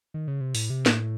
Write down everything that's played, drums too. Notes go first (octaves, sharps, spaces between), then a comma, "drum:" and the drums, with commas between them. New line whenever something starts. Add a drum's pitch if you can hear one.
D#3
C#3
C3
A2, drum: open hi-hat
C3
A2, drum: snare